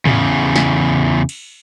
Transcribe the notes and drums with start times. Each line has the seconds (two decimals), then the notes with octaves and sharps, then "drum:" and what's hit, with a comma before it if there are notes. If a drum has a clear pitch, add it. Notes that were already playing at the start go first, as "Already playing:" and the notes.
0.06 E2 C#3, drum: tom
0.56 drum: snare
1.29 drum: cymbal